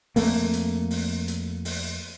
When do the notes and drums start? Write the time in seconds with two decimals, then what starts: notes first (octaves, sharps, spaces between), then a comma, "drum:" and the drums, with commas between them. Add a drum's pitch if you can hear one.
0.16 F2 A3 A#3, drum: open hi-hat
0.53 drum: hi-hat
0.91 drum: open hi-hat
1.28 drum: hi-hat
1.65 drum: open hi-hat